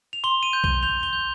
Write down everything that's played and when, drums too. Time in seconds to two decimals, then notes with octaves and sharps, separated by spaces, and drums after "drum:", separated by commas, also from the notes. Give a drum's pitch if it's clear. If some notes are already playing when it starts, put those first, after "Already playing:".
0.13 F7
0.24 C6 G7
0.43 D#7
0.53 G6
0.64 G7, drum: kick B1
0.83 G6 F7
1.03 G7
1.13 G6